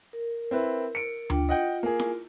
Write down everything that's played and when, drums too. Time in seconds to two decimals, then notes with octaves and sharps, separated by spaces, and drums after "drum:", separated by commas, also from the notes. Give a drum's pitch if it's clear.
0.13 A#4
0.51 C4 E4 B4
0.95 C#7 D7
1.30 D4 F4 G5, drum: tom D2
1.49 F4 D#5 F#5 G5
1.83 A#3 G#4
1.99 drum: snare E4